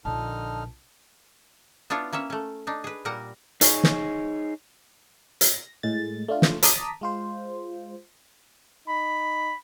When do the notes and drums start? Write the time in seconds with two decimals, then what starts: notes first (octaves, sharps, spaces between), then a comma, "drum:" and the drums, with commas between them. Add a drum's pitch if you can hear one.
0.05 A#1 D3 D#4 A5 F6
1.90 B3 D4 E4 F4 C#5
2.13 A#3 C#4 C#5 E5
2.30 A3 C#4
2.67 D4 D#4
2.84 G#4 B4
3.05 A#2 G3 A#4 F#5 A#5
3.61 D#4 G#4 C#5, drum: hi-hat
3.84 drum: snare
5.41 A#6, drum: hi-hat
5.83 A2 G#3 A6
6.28 A3 D4 F4
6.42 drum: snare
6.63 A5 A#5 D6 D#6 B6, drum: hi-hat
7.01 G#3 F4 C5
8.88 D#4 B5